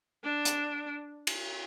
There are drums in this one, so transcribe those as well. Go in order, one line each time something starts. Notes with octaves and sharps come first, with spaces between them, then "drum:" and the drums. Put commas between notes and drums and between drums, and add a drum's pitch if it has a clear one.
D4
drum: hi-hat
drum: cymbal